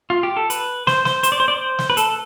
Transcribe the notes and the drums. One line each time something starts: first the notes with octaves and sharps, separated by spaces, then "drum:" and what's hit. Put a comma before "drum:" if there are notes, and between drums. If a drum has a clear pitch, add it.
F4
G4
A4
B4, drum: hi-hat
C5, drum: snare
C5, drum: snare
C5, drum: hi-hat
D5
C5
D5
C5
drum: snare
B4
A4, drum: hi-hat